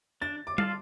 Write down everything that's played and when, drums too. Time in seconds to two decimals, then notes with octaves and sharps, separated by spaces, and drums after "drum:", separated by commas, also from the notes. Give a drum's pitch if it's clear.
0.22 D4 A6
0.47 D6
0.58 F4 A4 D5 F5, drum: tom G3